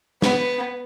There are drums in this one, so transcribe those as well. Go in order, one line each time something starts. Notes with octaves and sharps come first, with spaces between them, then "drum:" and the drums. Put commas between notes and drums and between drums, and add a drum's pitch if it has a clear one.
B3, drum: snare